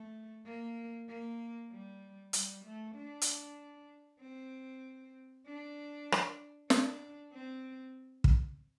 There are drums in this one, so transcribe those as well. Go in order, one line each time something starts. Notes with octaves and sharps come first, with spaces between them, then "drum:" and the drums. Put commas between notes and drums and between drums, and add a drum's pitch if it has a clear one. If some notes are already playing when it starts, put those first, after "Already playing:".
Already playing: A3
A#3
A#3
G3
G3, drum: hi-hat
A3
D4
drum: hi-hat
C4
D4
drum: rim click
D4, drum: snare
C4
drum: kick